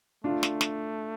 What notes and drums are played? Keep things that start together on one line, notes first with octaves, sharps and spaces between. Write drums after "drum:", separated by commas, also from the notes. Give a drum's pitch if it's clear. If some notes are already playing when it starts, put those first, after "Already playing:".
A3 D4 F4
drum: snare
drum: snare